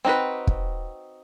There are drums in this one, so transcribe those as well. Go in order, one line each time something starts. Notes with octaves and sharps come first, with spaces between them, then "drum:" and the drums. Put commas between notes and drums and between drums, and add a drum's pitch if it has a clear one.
C4 D#4 F#4 B4
drum: kick